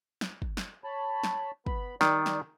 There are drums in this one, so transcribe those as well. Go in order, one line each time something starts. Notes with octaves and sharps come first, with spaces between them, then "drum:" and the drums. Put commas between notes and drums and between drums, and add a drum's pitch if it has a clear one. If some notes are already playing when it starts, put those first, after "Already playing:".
drum: snare
drum: kick
drum: snare
C#5 A5 B5
drum: snare
B3 B5, drum: kick
D#3 G3 D5, drum: snare
drum: snare